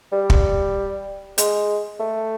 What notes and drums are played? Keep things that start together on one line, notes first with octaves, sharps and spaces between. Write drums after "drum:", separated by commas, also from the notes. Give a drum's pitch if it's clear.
G3
drum: kick
G#3, drum: hi-hat
A3